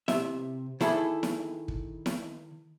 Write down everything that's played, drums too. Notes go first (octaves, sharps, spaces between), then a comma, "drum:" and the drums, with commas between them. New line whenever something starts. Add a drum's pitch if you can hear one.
C3 E5, drum: snare E4
D#3 E4 G#4 A4 D5 B5, drum: snare E4
drum: snare E4
drum: kick
drum: snare E4